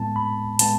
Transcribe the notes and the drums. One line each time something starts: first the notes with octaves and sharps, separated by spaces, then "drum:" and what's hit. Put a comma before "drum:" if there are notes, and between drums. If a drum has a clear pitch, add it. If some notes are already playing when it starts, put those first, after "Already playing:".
Already playing: A2 G#3 B3 A5
B5
A2 G#3 B3 A5, drum: hi-hat